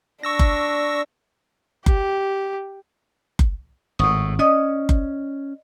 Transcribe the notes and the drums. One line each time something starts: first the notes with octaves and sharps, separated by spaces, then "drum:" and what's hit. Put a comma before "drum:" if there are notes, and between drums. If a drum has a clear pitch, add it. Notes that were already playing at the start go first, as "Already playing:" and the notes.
D4 C#6 E6 A#6
drum: kick F#1
G4, drum: kick F#1
drum: kick F#1
G#1 A2 F#5 C#6 D#6
C#4 D5 D#5 D#6
drum: kick F#1